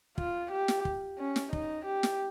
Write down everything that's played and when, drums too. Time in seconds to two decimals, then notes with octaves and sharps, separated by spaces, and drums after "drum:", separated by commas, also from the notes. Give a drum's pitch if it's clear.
0.18 F4, drum: kick
0.52 G4
0.68 drum: snare
0.85 drum: kick
1.19 C#4
1.36 drum: snare
1.53 D#4, drum: kick
1.86 G4
2.03 drum: snare